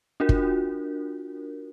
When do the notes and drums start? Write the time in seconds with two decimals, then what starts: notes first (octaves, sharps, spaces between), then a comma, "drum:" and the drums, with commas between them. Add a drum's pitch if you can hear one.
0.20 D4 F4 F#4 A#4
0.29 drum: kick